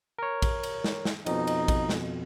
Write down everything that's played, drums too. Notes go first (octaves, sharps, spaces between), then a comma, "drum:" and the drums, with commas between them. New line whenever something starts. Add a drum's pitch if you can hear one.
A#4 C#5
drum: kick, cymbal
drum: cymbal
drum: snare
drum: snare
F2 B2 D#4, drum: cymbal
drum: cymbal
drum: kick, cymbal
drum: snare